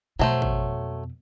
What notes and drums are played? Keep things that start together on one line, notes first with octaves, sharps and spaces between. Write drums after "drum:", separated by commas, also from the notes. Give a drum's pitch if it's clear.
F2 B2 F#3 A3 C5
drum: kick G#1